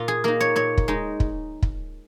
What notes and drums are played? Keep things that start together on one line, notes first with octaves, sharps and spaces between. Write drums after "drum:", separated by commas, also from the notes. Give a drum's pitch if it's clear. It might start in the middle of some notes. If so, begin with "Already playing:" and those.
Already playing: A#2 F4
G#4
A#3 D#4 A#4
C#5
A#2 C#5
drum: kick
G#3 D#4
drum: kick
drum: kick